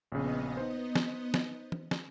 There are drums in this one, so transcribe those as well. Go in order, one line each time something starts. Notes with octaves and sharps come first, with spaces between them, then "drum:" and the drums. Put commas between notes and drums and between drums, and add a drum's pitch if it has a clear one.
A#1 C#3 B3 D#5
D#4 C5
drum: snare
drum: snare
drum: tom
drum: snare